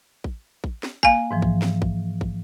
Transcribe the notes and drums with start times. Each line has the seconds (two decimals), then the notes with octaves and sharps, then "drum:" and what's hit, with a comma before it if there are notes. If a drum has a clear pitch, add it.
0.24 drum: kick
0.64 drum: kick
0.83 drum: snare
1.03 A#3 F5 G#5, drum: kick
1.31 G#2 E3 F3
1.42 drum: kick
1.62 drum: snare
1.82 drum: kick
2.21 drum: kick